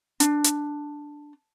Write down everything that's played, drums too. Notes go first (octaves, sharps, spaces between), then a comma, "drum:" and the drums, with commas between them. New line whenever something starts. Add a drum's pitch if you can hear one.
D4, drum: hi-hat
drum: hi-hat